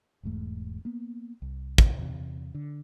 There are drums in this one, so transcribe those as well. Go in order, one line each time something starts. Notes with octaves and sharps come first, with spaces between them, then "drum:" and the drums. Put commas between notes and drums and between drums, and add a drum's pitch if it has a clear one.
E1 E2 G#2 A3
A#3 B3
C2
drum: kick
E2 C3
D3